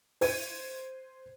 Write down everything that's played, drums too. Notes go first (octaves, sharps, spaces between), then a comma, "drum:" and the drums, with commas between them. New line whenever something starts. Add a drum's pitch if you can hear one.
C5 G#6 D#7, drum: open hi-hat